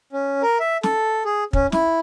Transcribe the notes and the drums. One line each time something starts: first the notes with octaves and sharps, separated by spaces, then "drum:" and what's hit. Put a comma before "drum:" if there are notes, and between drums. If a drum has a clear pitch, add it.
C#4
A#4
E5
A4, drum: snare
G#4
C#4, drum: kick
E4, drum: snare